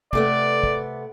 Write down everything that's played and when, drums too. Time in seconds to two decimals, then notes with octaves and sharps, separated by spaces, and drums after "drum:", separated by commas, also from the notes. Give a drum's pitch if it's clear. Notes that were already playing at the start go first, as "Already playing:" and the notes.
0.13 C3 A3 B3 D5, drum: kick
0.64 drum: kick